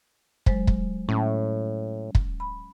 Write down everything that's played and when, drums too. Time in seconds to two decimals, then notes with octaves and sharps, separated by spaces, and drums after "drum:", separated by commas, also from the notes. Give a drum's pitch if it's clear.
0.46 F#3 G#3 C5, drum: kick
0.67 drum: kick
1.09 A2 C#4
2.15 drum: kick
2.40 B5